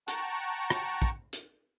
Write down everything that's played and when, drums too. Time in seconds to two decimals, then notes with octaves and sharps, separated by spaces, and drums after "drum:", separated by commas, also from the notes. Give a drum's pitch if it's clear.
0.08 F#5 G5 A5 A#5 C#6 F#6, drum: hi-hat
0.70 drum: rim click
1.02 drum: kick
1.33 drum: hi-hat